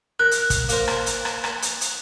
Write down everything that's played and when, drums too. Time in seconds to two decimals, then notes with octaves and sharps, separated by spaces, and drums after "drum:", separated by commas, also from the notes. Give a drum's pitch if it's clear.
0.19 A#4 F#6
0.31 drum: hi-hat
0.50 drum: kick, hi-hat
0.69 A#3 A#4 C5, drum: hi-hat
0.88 drum: rim click
1.06 drum: hi-hat
1.25 drum: rim click
1.44 drum: rim click
1.62 drum: hi-hat
1.81 drum: hi-hat